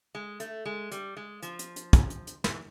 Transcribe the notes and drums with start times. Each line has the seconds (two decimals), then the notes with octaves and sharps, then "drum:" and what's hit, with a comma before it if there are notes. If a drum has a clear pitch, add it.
0.15 G#3
0.40 A3, drum: hi-hat
0.66 G#3
0.92 G3, drum: hi-hat
1.17 G#3
1.42 F3, drum: hi-hat
1.59 drum: hi-hat
1.76 drum: hi-hat
1.93 drum: kick, hi-hat
2.10 drum: hi-hat
2.27 drum: hi-hat
2.44 E3, drum: snare